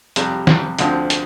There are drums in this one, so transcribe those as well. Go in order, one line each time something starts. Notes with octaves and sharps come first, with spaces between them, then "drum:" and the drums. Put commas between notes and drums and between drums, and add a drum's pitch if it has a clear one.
F2 C3 G3, drum: hi-hat
F2 C3 G3, drum: snare
D2 D3 F3 C4, drum: hi-hat
drum: hi-hat